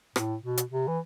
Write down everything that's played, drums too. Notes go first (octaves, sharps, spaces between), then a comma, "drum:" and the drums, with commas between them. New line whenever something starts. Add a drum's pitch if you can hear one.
A2, drum: rim click
B2
drum: hi-hat
C3
E3